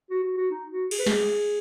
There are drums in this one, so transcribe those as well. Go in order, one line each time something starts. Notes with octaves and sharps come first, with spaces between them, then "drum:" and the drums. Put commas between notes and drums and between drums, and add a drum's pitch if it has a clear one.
F#4
F#4
F#4
D#4
F#4
G#4, drum: cymbal
B4
G#4, drum: snare